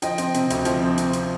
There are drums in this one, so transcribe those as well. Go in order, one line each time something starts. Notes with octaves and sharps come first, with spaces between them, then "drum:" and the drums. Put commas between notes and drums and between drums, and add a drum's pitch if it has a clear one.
F3 D#5 G5, drum: hi-hat
C4, drum: hi-hat
C3, drum: hi-hat
D2, drum: hi-hat
F3, drum: hi-hat
C4
C3, drum: hi-hat
drum: hi-hat